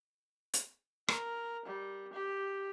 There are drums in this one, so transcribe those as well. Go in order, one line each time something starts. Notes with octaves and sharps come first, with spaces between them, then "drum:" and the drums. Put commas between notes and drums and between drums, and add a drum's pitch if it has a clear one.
drum: hi-hat
A#4, drum: rim click
G3
G4